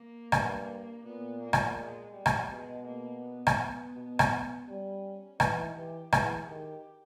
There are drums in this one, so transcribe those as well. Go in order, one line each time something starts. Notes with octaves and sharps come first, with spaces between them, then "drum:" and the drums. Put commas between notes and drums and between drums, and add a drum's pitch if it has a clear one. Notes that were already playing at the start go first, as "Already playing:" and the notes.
Already playing: A#3
G2, drum: rim click
A#2 B3
A#3
drum: rim click
G#3
G3
drum: rim click
B2 G#3
A#3
B3
drum: rim click
B2
drum: rim click
G3 C#4
E3 D#4, drum: rim click
E3 G4
E3 G#4, drum: rim click
D#3 G4